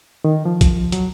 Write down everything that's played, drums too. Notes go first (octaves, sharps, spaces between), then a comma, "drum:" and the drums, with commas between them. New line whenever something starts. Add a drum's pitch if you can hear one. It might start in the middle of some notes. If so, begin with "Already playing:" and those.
D#3
F3
drum: kick B1, hi-hat
F#3, drum: hi-hat